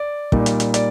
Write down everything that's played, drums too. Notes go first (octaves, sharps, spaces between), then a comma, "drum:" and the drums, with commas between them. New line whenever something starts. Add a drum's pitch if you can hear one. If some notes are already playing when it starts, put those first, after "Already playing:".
Already playing: D5
A#2 G3 A#3 D#4, drum: kick
drum: hi-hat
drum: hi-hat
D5, drum: hi-hat